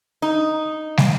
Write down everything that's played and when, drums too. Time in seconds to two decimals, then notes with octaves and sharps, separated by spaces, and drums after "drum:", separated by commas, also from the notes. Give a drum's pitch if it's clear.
0.22 D#4
0.97 drum: snare